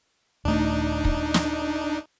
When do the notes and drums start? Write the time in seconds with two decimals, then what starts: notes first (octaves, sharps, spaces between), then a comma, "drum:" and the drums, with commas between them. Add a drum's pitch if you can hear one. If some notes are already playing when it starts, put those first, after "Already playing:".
0.45 D#1 A3 D4 D#4
1.05 drum: kick
1.34 drum: snare